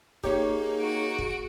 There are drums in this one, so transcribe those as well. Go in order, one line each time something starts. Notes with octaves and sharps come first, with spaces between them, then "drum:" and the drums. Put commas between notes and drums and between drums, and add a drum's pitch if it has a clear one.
A#3 D#4 G4 G#4 C#5, drum: kick
F#4 D7
drum: kick